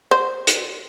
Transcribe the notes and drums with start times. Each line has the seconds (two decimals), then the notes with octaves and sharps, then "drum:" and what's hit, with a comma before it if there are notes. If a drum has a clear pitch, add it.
0.11 C5
0.47 drum: hi-hat